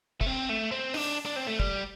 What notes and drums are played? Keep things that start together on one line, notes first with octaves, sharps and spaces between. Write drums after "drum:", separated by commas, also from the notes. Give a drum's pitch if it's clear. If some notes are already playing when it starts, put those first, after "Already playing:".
A3, drum: kick
C4
A3
C4
D4, drum: open hi-hat
D4
C4
A3
G3, drum: kick